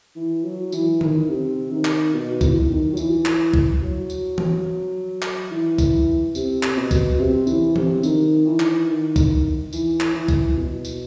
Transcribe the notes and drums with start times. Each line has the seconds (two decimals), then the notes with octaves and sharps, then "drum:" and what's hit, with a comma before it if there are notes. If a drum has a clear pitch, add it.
0.16 E3
0.44 F#3
0.72 E3, drum: tambourine
1.01 D#3, drum: tom D#3
1.29 C3
1.71 D#3
1.85 drum: clap
2.13 B2
2.41 E2, drum: kick, tambourine
2.69 D#3
2.93 F#3
2.97 E3, drum: tambourine
3.25 drum: clap
3.53 drum: kick
3.82 F#3
4.10 drum: tambourine
4.38 drum: tom E3
5.22 drum: clap
5.51 E3
5.78 drum: kick, tambourine
6.35 C3, drum: tambourine
6.63 drum: clap
6.76 B2
6.91 drum: kick, tambourine
7.19 C3
7.47 E3, drum: tambourine
7.76 C3, drum: tom E3
8.03 D#3, drum: tambourine
8.46 E3
8.60 drum: clap
8.87 D#3
9.16 drum: kick, tambourine
9.73 E3, drum: tambourine
10.00 drum: clap
10.14 E3
10.28 drum: kick, tambourine
10.57 B2
10.85 drum: tambourine